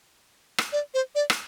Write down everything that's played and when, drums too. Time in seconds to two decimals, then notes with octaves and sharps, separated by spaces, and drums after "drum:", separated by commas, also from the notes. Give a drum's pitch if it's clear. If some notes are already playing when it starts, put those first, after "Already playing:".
0.58 drum: rim click
0.73 D5
0.94 C5
1.15 D5
1.30 drum: rim click